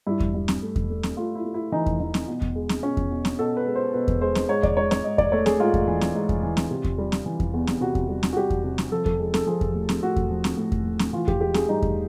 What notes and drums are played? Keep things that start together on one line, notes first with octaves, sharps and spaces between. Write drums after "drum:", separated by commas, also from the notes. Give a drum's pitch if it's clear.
G2 E4
drum: kick E2
G2
drum: snare C4
A3
drum: kick E2
A3
drum: snare C4
A3 F4
E4
A3
E4
E3 D#4
drum: kick E2
E3 D#4
drum: snare C4
B2
drum: kick E2
G#3
drum: snare C4
B2 C#4
drum: kick E2
B2
drum: snare C4
B2 A4
B4
G#3
C5
B2 B4
drum: kick E2
G#3 C5
drum: snare C4
G#2 C#5
D5, drum: kick E2
G#2 C#5
C#5, drum: snare C4
G#2 D#5
D5, drum: kick E2
A3 C#5
G#4, drum: snare C4
G#2 F4
drum: kick E2
E3
drum: snare C4
G#2
drum: kick E2
E3
drum: snare C4
C3
drum: kick E2
G3
drum: snare C4
E3
drum: kick E2
E2
drum: snare C4
C3 F#4
drum: kick E2
G3
drum: snare C4
F#4
G3 G4
drum: kick E2
C3
drum: snare C4
F3 A4
A4, drum: kick E2
G#3
A4, drum: snare C4
F3 G#4
drum: kick E2
A2
drum: snare C4
A2 F#4
drum: kick E2
F3
drum: snare C4
A2
drum: kick E2
A2
drum: snare C4
E3 F4
G4, drum: kick E2
G#3 G4
G#4, drum: snare C4
G2 D#4
drum: kick E2